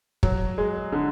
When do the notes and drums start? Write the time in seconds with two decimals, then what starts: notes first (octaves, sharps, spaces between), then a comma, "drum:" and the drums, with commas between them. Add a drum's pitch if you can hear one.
0.23 F#3, drum: kick
0.58 G#3
0.93 D3